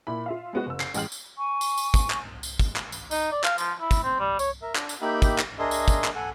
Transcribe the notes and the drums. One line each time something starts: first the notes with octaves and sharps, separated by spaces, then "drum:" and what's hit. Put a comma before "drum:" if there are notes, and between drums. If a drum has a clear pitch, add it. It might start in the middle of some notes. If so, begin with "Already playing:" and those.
A#2 E4 B5
F4 E5 F5
G#3 B3 F#4
F#1 E6
C7, drum: clap
A1 G#3 G5 F6 F#7, drum: tambourine
drum: tambourine
G#5 C#6
drum: tambourine
drum: tambourine
drum: kick, tambourine
drum: clap
drum: tambourine
drum: kick, tambourine
drum: clap
drum: tambourine
D#4, drum: tambourine
D5
F5, drum: clap
F3, drum: tambourine
E4
drum: kick, tambourine
C4
G3
C#5, drum: tambourine
A#4 E5
D4, drum: clap
drum: tambourine
A#3 D#4 G4 E5 G5 B5
drum: kick, tambourine
drum: clap
D4 G#4 A#4 D#5 E5 C6
drum: tambourine
drum: kick, tambourine
drum: clap
A4 F#5 G#5